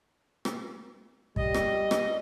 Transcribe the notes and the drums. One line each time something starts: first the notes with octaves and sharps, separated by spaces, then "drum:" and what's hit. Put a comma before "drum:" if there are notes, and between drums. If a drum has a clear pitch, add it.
drum: rim click
G3 D#5, drum: kick
drum: rim click
drum: rim click